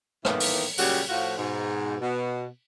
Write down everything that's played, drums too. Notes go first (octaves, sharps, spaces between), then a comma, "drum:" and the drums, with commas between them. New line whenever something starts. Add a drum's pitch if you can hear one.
A2 D#3 E3 A#3 B3, drum: rim click
drum: open hi-hat
A#2 C#3 F#3 G3 F#4 G4, drum: open hi-hat
A2 F3 F#4
G#2 B2
B2